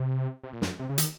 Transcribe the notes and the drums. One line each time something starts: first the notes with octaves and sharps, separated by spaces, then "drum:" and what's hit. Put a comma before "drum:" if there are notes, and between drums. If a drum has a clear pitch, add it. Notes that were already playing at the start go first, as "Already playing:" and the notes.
Already playing: C3
C3
A#2
F#2, drum: snare
C3
C#3
D#3, drum: hi-hat